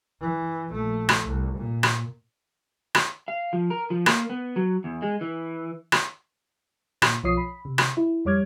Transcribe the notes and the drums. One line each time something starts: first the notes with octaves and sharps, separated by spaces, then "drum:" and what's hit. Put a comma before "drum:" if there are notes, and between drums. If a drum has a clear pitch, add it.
E3
A#1 A3
drum: rim click
C2
A#2
drum: rim click
drum: rim click
F5
F3
A#4
F3
A#3, drum: rim click
B3
F#3
E2
G#3
E3
drum: rim click
A#2, drum: rim click
B1 F3 F4 C#5 D#6 C7
B5
C3
drum: rim click
E4
F2 G3 C#5 D6 F6 G#6